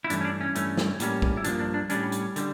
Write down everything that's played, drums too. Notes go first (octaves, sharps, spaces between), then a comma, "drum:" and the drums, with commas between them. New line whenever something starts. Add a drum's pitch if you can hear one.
E4
G2 E3 A3 C#4 D4, drum: hi-hat
C#4
D4
C#4
G2 E3 A3 C#4, drum: hi-hat
drum: snare
A2 G3 A#3 C#4, drum: hi-hat
drum: kick
E4
G2 F3 A#3 D4, drum: hi-hat
D4
D4
A2 G3 C#4 D4, drum: hi-hat
drum: hi-hat
D3 G3, drum: hi-hat